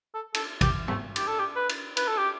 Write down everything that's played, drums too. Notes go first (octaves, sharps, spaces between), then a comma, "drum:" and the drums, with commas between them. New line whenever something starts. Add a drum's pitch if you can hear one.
A4
A4, drum: cymbal
G4, drum: kick, cymbal
A3, drum: tom G#2
G4, drum: cymbal
A4
G4
B4
drum: cymbal
B4, drum: cymbal
A4
G4